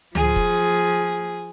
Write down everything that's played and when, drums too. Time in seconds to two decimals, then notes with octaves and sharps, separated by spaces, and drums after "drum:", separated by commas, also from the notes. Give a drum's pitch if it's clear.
0.15 F3 G#4, drum: tom C#2
0.36 drum: kick E1